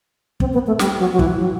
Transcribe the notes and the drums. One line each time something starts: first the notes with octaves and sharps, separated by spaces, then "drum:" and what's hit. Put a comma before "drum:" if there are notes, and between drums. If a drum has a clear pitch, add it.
C4, drum: kick
B3
A3
G3, drum: snare
F#3
F#3
E3, drum: kick
F#3